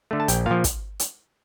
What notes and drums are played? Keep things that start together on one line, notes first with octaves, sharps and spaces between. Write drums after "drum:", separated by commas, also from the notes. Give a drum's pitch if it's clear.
D3 A3
A5
A#1 G5, drum: hi-hat
A#2 F3 F5
drum: kick, hi-hat
drum: hi-hat